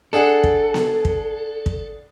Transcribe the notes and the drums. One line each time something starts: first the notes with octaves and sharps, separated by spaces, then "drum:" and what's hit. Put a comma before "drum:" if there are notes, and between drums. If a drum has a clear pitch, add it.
D4 G#4 A4 F#5
drum: kick
drum: snare B3
drum: kick
drum: kick